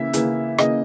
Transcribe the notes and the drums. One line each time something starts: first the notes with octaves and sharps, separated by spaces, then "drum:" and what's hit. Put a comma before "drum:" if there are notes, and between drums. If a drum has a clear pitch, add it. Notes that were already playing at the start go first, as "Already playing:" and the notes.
Already playing: C#3 E3 A#3 E5
C#3 E3 A#3, drum: hi-hat
C#3 E3 A#3 D#5, drum: rim click